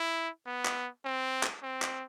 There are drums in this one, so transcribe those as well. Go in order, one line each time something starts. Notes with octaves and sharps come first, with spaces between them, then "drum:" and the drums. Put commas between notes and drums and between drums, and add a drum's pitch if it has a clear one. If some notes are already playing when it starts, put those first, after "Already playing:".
Already playing: E4
B3
drum: clap
C4
drum: clap
C4
drum: clap